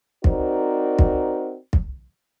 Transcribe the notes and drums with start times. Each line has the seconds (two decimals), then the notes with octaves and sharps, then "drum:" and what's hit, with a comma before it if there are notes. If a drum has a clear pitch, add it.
0.24 C4 D#4 F#4 A#4 C5 D5, drum: kick
0.99 drum: kick
1.73 drum: kick